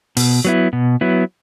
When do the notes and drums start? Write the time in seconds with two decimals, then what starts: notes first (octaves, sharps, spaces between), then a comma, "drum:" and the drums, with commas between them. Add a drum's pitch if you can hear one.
0.17 B2, drum: open hi-hat
0.45 F#3 B3 E4
0.73 B2
1.01 F#3 B3 E4